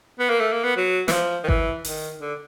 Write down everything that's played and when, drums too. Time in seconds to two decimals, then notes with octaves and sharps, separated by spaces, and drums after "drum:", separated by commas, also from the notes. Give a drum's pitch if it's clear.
0.19 B3
0.30 A#3
0.40 A3
0.52 A#3
0.64 B3
0.77 F#3
1.08 E3, drum: snare
1.12 F3
1.44 D#3
1.48 E3, drum: kick G#1
1.85 D#3, drum: open hi-hat
2.21 D3